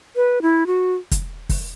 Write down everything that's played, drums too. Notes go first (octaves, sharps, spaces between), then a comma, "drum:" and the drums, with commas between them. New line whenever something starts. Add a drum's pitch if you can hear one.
B4
E4
F#4
drum: kick, hi-hat
drum: kick, open hi-hat